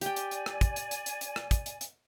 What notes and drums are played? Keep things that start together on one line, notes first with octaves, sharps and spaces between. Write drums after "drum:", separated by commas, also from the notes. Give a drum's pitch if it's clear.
G4 D5 G5 G#5, drum: hi-hat
drum: hi-hat
drum: hi-hat
drum: rim click
drum: kick, hi-hat
drum: hi-hat
drum: hi-hat
drum: hi-hat
drum: hi-hat
drum: rim click
drum: kick, hi-hat
drum: hi-hat
drum: hi-hat